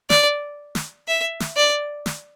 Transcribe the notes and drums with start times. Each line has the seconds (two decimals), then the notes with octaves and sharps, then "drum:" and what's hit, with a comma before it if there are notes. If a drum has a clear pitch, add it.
0.10 D5, drum: snare
0.75 drum: snare
1.08 E5
1.40 drum: snare
1.57 D5
2.06 drum: snare